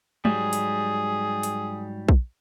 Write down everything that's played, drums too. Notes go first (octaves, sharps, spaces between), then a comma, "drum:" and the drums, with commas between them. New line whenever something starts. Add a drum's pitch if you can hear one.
G#2 F#3 G3 G#4, drum: tom G#3
drum: hi-hat
drum: hi-hat
drum: kick A#1